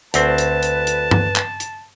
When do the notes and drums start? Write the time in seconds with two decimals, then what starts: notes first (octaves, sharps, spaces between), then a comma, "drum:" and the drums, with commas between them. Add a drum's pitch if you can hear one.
0.14 D2 C4 B4 A5, drum: hi-hat
0.38 drum: hi-hat
0.63 drum: hi-hat
0.87 drum: hi-hat
1.11 drum: tom G2
1.36 drum: clap
1.60 drum: hi-hat